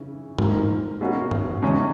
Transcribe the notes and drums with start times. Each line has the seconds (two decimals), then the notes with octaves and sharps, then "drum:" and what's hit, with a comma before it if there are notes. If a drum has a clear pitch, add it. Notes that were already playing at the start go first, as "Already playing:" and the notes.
Already playing: C#3 E3
0.38 G#2 D#3 A#3, drum: tom
1.01 B2 A#3 C#4 F#4
1.31 drum: tom
1.62 E2 C#3 G#3 C#4